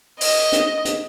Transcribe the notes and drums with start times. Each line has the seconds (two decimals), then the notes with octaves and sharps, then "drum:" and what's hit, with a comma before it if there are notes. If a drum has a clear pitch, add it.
0.21 D#5, drum: open hi-hat
0.53 drum: hi-hat
0.85 drum: hi-hat